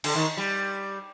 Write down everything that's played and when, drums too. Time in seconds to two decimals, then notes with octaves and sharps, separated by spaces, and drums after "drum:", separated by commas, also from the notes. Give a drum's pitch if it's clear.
0.04 D3, drum: cymbal
0.15 D#3
0.37 G3